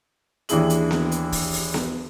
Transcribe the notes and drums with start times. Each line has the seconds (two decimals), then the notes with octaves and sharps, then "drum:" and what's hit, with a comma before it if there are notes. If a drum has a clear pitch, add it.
0.49 D#2 E3 D4 E4 G#4 F#7, drum: hi-hat
0.70 drum: hi-hat
0.91 drum: snare B3
1.11 drum: hi-hat
1.32 drum: kick, open hi-hat
1.53 drum: open hi-hat
1.74 drum: snare B3